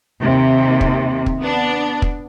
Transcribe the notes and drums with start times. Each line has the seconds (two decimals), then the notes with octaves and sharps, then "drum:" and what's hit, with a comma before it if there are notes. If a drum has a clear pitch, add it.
0.20 D#2 C3
0.81 drum: kick
1.26 drum: kick
1.40 B3 D4
2.02 drum: kick